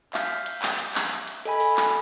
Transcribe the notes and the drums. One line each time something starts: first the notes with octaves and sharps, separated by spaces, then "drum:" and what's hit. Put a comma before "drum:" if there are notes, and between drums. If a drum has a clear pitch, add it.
E5 F5 F6 G6, drum: clap
drum: hi-hat
drum: clap
drum: hi-hat
drum: clap
drum: hi-hat
drum: hi-hat
A4 D#5 G#5 B5, drum: hi-hat
drum: open hi-hat
drum: clap